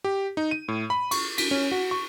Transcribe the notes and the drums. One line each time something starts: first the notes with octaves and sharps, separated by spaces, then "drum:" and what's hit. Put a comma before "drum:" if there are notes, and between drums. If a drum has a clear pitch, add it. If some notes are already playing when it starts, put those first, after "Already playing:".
G4
D#4
D#7
A2
B5
C#6, drum: cymbal
B6, drum: cymbal
C#4
F#4
C#6